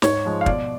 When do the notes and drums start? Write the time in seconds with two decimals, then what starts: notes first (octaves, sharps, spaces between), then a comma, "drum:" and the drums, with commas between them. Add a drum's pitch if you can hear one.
0.02 G#2 C#5, drum: snare
0.25 F3 G#3
0.41 F5
0.46 B2 D5, drum: kick